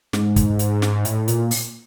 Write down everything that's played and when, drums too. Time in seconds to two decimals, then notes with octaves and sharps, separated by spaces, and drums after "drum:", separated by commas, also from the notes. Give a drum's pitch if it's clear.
0.13 G#2, drum: snare
0.36 drum: kick, hi-hat
0.59 drum: hi-hat
0.82 drum: snare
1.05 A2, drum: hi-hat
1.28 A#2, drum: hi-hat
1.51 drum: open hi-hat